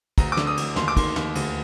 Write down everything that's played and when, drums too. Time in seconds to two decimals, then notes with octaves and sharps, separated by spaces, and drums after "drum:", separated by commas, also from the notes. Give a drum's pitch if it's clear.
0.18 D2 A#5, drum: kick, cymbal
0.32 D6
0.37 D3, drum: snare
0.47 D#6
0.57 D2, drum: cymbal
0.76 D#2 C6, drum: snare
0.88 D6
0.97 D#3 C6, drum: kick, cymbal
1.16 D#2, drum: snare
1.35 D2, drum: cymbal